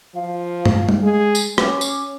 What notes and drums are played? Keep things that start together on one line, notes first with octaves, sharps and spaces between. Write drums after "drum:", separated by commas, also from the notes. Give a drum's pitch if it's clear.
F3 F5
drum: tom
drum: tom G3
G#3 G#4
drum: tambourine
C#4 D6, drum: rim click
drum: tambourine